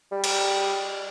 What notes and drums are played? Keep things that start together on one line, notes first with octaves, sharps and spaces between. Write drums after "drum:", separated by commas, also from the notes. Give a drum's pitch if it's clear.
G3
drum: cymbal